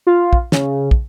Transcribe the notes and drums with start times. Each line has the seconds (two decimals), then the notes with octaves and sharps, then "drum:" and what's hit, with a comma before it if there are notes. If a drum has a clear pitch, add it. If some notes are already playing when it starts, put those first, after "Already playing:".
0.07 F4
0.33 drum: kick
0.52 C#3, drum: snare
0.91 drum: kick